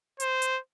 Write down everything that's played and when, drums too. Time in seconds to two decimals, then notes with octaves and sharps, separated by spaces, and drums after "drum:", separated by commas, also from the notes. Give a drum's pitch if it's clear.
0.20 C5, drum: hi-hat
0.42 drum: hi-hat